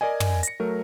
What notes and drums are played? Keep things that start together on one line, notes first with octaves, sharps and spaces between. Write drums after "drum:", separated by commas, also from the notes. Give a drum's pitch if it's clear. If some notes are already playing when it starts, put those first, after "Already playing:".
A#4 D5 D#5 G#5
drum: tom
A#6 C#7, drum: hi-hat
F#3 A3 A#4